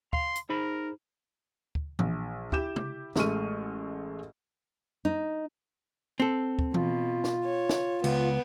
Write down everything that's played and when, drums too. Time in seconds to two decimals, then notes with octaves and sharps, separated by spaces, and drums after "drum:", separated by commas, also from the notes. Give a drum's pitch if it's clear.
0.13 F5 C6, drum: kick D2
0.36 drum: hi-hat
0.49 D#4 G#4 A#4 C5 B5
1.75 drum: kick D2
1.99 A#1, drum: tom E3
2.52 E4 G4 D6 G6 E7, drum: kick D2
2.76 drum: tom
3.16 A1 G#3 A3 C#6 F6 D#7, drum: snare
5.05 D#4
6.20 C4 A4
6.59 drum: kick D2
6.74 B2 F4, drum: tom E3
7.24 drum: snare
7.44 C#5
7.69 drum: snare
8.04 C#2 B3, drum: cymbal